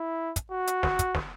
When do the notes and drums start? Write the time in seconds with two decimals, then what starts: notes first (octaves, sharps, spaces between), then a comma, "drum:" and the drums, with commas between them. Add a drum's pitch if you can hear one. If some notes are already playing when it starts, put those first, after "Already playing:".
Already playing: E4
0.36 drum: kick, hi-hat
0.51 F#4
0.67 drum: hi-hat
0.83 drum: snare
0.99 drum: kick, hi-hat
1.15 drum: snare